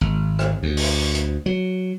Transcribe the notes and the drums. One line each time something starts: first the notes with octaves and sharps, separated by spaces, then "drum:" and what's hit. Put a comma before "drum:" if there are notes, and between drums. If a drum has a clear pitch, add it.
G#1
drum: rim click
D2
drum: open hi-hat
drum: hi-hat
F#3